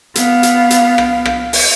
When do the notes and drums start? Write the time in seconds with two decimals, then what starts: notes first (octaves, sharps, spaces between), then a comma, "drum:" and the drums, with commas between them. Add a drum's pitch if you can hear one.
0.15 B3 F5, drum: hi-hat
0.43 drum: hi-hat
0.70 drum: hi-hat
0.98 drum: rim click
1.25 drum: rim click
1.53 drum: open hi-hat